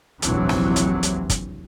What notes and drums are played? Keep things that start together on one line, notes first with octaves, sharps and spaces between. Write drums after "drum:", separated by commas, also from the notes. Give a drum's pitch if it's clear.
F1 A#1 D#2 E3 F#3 C4, drum: hi-hat
drum: snare
drum: hi-hat
drum: hi-hat
drum: kick, hi-hat